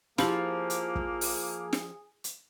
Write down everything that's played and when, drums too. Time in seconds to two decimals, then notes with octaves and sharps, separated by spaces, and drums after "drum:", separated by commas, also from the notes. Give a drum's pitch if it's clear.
0.18 F3 A#3 E4 G4 G#4 B5, drum: snare
0.70 drum: hi-hat
0.95 drum: kick
1.21 drum: open hi-hat
1.73 drum: snare
2.24 drum: hi-hat